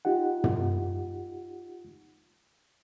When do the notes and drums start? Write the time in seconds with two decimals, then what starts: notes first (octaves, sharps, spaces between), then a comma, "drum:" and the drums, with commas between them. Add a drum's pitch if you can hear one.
0.05 D#4 F4 G4 F#5
0.44 drum: tom